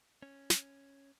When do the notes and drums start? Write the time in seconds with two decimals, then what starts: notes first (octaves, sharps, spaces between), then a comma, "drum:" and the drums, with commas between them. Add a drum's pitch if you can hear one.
0.23 C#4
0.50 drum: snare